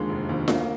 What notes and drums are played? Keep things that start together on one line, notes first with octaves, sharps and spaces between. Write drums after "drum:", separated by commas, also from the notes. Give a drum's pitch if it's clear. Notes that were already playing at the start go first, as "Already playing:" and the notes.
Already playing: D#2 D3 F3 G#3
F1
D#2 D3 F3
D2 A#3, drum: snare F4